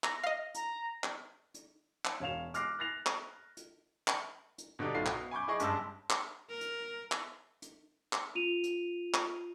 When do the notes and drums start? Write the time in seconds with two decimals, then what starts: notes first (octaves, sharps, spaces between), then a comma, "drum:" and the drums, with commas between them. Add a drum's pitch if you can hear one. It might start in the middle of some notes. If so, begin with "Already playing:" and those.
0.04 A#5 A#6, drum: clap
0.24 D#5 F5
0.54 A#5, drum: hi-hat
1.04 drum: clap
1.54 drum: hi-hat
2.05 drum: clap
2.20 E1 C#5 F5 E7 F7
2.54 D6 F6 F#6 A#6 C7, drum: hi-hat
2.79 F#6 A6 A#6 C7 F7
3.06 drum: clap
3.57 drum: hi-hat
4.08 drum: clap
4.58 drum: hi-hat
4.79 B2 D3 G3 D4 D#4
4.94 B1 A3 F4 C7
5.06 B2, drum: clap
5.31 G#5 B5 C#6 D6 G6
5.48 E4 G#4 D#5 C#6 D6
5.60 F#1 G2 G#3 A5 C6 E6, drum: hi-hat
6.10 drum: clap
6.49 A#4
6.61 drum: hi-hat
7.12 drum: clap
7.62 drum: hi-hat
8.13 drum: clap
8.35 F4 D#7 F7
8.63 drum: hi-hat
9.14 drum: clap